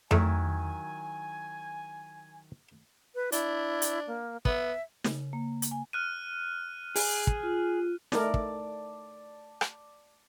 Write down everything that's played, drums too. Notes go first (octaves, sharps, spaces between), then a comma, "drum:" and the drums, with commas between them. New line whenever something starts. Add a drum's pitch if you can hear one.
E2 D#3 F#3 A3 E4 G#5, drum: tom F2
B4
D4 E4, drum: hi-hat
drum: hi-hat
A#3
B3 E5, drum: kick
C#3, drum: snare
A#3
drum: hi-hat
G#5
F6 F#6 D#7
G#4, drum: open hi-hat
drum: kick
F4
A3 D#4 A#4 D5 A5, drum: snare
drum: kick
drum: rim click